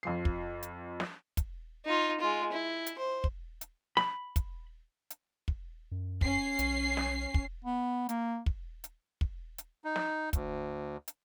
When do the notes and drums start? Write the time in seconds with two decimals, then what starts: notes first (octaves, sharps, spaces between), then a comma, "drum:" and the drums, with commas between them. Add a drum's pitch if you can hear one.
0.03 F2 F3 C7
0.25 drum: kick
0.63 drum: hi-hat
1.00 drum: snare
1.37 drum: kick, hi-hat
1.85 D#4 F4
2.20 G#3 F4
2.52 E4
2.86 drum: hi-hat
2.98 C5
3.24 drum: kick
3.61 drum: hi-hat
3.97 B5, drum: snare
4.36 drum: kick, hi-hat
5.10 drum: hi-hat
5.48 drum: kick
5.92 F#2
6.21 C#4 C7, drum: kick
6.59 B1, drum: hi-hat
6.97 drum: snare
7.34 drum: kick
7.64 B3
8.09 A#3, drum: hi-hat
8.46 drum: kick
8.84 drum: hi-hat
9.21 drum: kick
9.58 drum: hi-hat
9.85 D#4
9.96 drum: snare
10.33 D2, drum: kick, hi-hat
11.08 drum: hi-hat